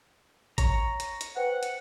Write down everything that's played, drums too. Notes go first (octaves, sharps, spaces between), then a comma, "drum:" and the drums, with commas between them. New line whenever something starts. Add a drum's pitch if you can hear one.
C#5 A#5, drum: kick, hi-hat
drum: hi-hat
drum: hi-hat
B4 C5 F#5 G5
drum: hi-hat